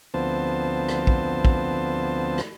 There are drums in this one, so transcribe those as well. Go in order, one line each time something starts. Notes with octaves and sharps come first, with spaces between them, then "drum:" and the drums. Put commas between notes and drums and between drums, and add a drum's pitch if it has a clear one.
D2 F3 B3 C4 C5 A5
drum: rim click
drum: kick
drum: kick
drum: rim click